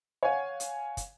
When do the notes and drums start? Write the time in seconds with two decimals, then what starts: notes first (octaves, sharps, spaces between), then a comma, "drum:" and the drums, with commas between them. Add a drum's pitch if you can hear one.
0.23 C#5 F5 F#5 G#5
0.60 drum: hi-hat
0.97 drum: kick, hi-hat